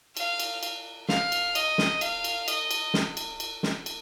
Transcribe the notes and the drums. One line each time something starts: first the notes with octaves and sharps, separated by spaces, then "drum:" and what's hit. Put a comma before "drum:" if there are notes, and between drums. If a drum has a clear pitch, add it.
F5, drum: cymbal
drum: cymbal
drum: cymbal
F5, drum: snare
drum: cymbal
D#5, drum: cymbal
drum: snare
F5, drum: cymbal
drum: cymbal
D#5, drum: cymbal
drum: cymbal
drum: snare
drum: cymbal
drum: cymbal
drum: snare
drum: cymbal